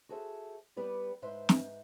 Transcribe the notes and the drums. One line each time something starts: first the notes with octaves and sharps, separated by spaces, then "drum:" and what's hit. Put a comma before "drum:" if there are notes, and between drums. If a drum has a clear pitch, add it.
F#4 G#4 A4 C5 E5
G3 B3 G4 B4 D5
G#2 B4 C5 E5
drum: snare